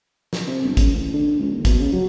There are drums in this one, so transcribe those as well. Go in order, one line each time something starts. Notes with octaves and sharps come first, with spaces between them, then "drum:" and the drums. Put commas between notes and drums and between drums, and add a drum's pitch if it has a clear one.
drum: snare
C3
G1
C#3, drum: kick, hi-hat
A1
D3
C#2
D#2
B2, drum: kick, hi-hat
C#3
F#3